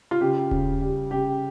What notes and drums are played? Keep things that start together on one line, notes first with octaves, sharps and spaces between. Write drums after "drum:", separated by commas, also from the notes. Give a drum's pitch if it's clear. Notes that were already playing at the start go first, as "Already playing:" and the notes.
F4
C#3 G4
C#3, drum: kick D#1
G3
C#3 G4